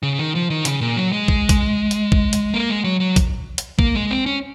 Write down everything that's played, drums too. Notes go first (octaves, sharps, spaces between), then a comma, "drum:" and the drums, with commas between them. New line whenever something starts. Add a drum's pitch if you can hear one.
C#3
D#3
F3
D#3
C#3, drum: hi-hat
A#2
F#3
G#3
drum: kick
drum: kick, hi-hat
drum: hi-hat
drum: kick
drum: hi-hat
A#3
G#3
F#3
F#3
drum: kick, hi-hat
drum: hi-hat
A#3, drum: kick
G#3
C4
C#4